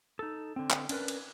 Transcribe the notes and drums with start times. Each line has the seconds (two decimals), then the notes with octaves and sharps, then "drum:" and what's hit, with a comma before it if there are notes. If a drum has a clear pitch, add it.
0.19 D#4 A4
0.56 D3 C4
0.70 drum: clap
0.89 C#4 D4 A#4 B4, drum: cymbal
1.08 drum: cymbal